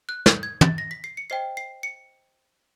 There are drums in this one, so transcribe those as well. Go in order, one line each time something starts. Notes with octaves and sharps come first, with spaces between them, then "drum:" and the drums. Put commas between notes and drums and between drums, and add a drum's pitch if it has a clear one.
F#6
G6, drum: snare
G#6
A6, drum: tom
A#6
B6
C7
C#7
C5 D#5 G5 C7
C7
C#7